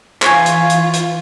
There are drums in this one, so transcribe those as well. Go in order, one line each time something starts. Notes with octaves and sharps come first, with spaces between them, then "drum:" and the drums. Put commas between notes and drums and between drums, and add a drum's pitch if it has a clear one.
E3 F4 C5 C#5 G#5, drum: clap
drum: hi-hat
drum: hi-hat
drum: hi-hat